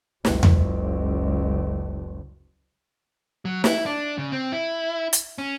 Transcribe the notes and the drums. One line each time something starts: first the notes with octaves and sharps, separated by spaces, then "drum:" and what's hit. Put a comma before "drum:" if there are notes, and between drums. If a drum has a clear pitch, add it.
F#1 C#2, drum: snare
drum: tom E2
F#3
E4, drum: snare
D4
C#3
C4
E4
drum: hi-hat
C#4